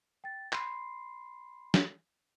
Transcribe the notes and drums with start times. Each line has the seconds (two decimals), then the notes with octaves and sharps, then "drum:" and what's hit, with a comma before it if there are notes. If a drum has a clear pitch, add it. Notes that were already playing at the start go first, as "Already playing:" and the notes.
0.24 G5 A6
0.53 B5 C6 C7, drum: clap
1.74 drum: snare